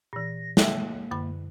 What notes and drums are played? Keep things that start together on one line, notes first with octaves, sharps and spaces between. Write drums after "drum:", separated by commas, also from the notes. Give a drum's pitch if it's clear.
A#2 E3 A#6
A#3 G4 E5, drum: snare
F#2 D3 B5